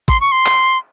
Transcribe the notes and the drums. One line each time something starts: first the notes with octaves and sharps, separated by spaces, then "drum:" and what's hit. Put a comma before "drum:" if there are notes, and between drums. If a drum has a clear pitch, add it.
C6, drum: kick, hi-hat
C#6
C6
drum: clap